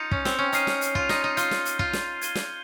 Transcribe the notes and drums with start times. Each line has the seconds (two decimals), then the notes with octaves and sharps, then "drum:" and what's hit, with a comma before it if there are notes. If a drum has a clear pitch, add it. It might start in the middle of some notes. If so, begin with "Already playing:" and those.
Already playing: D#4 F4 G6 C#7 F7
0.11 C#4, drum: kick
0.25 C4, drum: snare
0.38 C#4
0.52 D#4 F6 C7 D#7, drum: hi-hat
0.67 drum: snare
0.81 drum: hi-hat
0.95 F4, drum: kick
1.09 D#4, drum: snare
1.24 D#4
1.37 F4 G6 C7 D#7 G7, drum: hi-hat
1.51 drum: snare
1.65 drum: hi-hat
1.79 F4, drum: kick
1.93 drum: snare
2.21 G#6 D#7 G7, drum: hi-hat
2.35 drum: snare